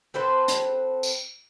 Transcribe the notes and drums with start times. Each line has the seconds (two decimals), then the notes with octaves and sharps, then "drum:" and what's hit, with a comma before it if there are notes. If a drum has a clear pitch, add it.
0.14 C4 A4 B4 C5
0.48 drum: hi-hat
1.03 drum: tambourine